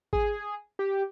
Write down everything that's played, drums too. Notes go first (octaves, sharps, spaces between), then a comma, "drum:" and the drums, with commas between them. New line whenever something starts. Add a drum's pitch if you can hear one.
G#4, drum: kick G#1
G4